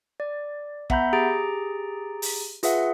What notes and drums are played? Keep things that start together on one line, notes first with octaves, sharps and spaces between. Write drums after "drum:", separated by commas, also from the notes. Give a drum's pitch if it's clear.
D5
B3 E5 F#5 A#5 B5 G6, drum: kick
G4 G#4 A#5 A6 D7
drum: open hi-hat
F4 G#4 B4 E5 F#5, drum: hi-hat